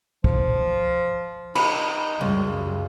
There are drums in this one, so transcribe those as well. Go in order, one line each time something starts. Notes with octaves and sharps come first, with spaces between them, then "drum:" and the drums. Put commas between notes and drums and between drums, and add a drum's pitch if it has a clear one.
F3, drum: kick
D#4 B5, drum: cymbal
C#2 F#2 C#3 G3